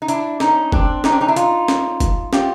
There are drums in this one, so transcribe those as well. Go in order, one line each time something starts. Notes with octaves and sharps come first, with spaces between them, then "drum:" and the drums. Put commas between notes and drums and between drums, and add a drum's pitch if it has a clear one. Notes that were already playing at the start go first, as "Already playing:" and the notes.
D#4
D4 E4, drum: hi-hat
C#4 D#4, drum: snare
C4 D4, drum: kick
C#4 D#4, drum: snare
C4 D4
C#4 D#4
D4 E4
D#4 F4, drum: hi-hat
drum: snare
drum: kick, hi-hat
F4 G4, drum: snare